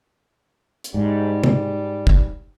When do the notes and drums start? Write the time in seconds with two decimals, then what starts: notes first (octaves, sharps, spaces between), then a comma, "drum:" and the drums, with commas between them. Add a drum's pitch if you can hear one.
0.84 drum: hi-hat
0.94 G#2 G3
1.44 drum: tom
2.07 drum: kick